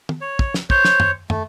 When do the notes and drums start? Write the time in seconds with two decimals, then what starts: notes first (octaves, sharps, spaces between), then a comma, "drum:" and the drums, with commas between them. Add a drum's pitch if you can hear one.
0.09 drum: tom
0.21 C#5
0.39 drum: kick
0.54 drum: snare
0.70 C5 C#5, drum: kick
0.85 drum: snare
1.00 drum: tom
1.30 A3, drum: tom